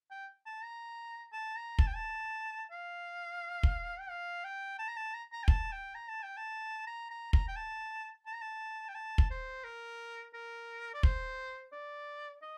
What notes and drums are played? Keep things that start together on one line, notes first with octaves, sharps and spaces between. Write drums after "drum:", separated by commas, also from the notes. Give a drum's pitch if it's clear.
G5
A5
A#5
A5
A#5
A5, drum: kick
G5
A5
F5
drum: kick
G5
F5
G5
A5
A#5
A5
A#5
A#5
G5
A5, drum: kick
G5
A#5
A5
G5
A5
A#5
A#5
A#5, drum: kick
G5
A5
A5
A#5
A5
G5
A5
drum: kick
C5
A#4
A#4
D5
C5, drum: kick
D5
D#5